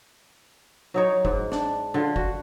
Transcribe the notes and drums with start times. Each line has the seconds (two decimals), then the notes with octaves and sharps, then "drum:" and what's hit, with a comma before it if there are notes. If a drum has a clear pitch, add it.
0.94 F#3 D#4 C#5
1.25 G#2, drum: kick
1.52 D4, drum: snare
1.94 D3 F4
2.16 F#4, drum: kick